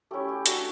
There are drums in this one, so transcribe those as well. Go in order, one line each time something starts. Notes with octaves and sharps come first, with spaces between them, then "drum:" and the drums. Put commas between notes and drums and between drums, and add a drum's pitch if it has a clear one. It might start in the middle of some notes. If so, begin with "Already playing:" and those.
A3 C#4 E4 G4
G4
A3 D4 F#4, drum: hi-hat